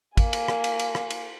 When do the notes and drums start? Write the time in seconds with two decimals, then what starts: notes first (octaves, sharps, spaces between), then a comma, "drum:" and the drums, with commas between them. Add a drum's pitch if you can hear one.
0.17 A#3 G#5, drum: kick, cymbal
0.33 drum: cymbal
0.48 drum: rim click
0.64 drum: cymbal
0.79 drum: cymbal
0.95 drum: rim click
1.10 drum: cymbal